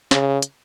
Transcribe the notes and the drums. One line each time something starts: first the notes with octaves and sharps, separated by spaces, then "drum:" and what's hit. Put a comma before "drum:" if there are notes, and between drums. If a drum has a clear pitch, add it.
C#3, drum: snare
drum: hi-hat